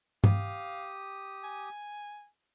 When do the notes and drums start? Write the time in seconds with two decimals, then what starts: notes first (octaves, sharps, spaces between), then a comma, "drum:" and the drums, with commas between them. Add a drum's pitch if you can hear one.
0.24 G4 F5 D#6, drum: tom G2
1.44 G#5